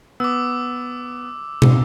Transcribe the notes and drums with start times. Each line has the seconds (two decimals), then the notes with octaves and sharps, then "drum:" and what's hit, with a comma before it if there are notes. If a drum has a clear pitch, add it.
0.20 B3 D6 E6
1.62 drum: tom